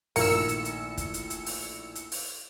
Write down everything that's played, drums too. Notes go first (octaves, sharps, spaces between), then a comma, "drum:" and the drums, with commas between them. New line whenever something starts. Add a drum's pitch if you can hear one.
A#1 A2 D#3 A#3 E6 C#7, drum: open hi-hat
drum: hi-hat
drum: hi-hat
drum: kick, hi-hat
drum: hi-hat
drum: hi-hat
drum: open hi-hat
drum: hi-hat
drum: open hi-hat